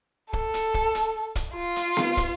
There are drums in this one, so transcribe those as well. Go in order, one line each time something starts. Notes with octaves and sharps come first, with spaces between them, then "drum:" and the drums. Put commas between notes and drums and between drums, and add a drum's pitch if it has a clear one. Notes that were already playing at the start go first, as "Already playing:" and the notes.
A4, drum: kick
drum: hi-hat
drum: kick
drum: hi-hat
drum: kick, hi-hat
F4
drum: hi-hat
drum: snare B3
drum: kick, hi-hat